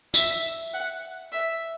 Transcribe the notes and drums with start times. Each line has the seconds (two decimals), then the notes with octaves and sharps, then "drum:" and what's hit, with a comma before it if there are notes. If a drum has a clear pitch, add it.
0.14 E5, drum: tambourine
0.73 F#5
1.32 E5